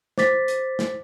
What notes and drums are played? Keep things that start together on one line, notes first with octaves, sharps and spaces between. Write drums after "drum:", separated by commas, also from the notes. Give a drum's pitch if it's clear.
C5 D6 A6 B6, drum: snare
drum: hi-hat
drum: snare